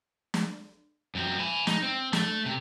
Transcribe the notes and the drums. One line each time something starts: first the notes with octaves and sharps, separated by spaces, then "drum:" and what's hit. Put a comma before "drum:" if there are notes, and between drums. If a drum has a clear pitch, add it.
drum: snare
F#2 C4
G#5 B5
D#4, drum: snare
C4
A3, drum: snare
C3